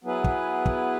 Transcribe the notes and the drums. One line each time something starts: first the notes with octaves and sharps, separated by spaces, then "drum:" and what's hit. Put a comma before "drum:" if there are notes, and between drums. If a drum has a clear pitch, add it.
F#3 B3 E4 G#4 B4
drum: kick
drum: kick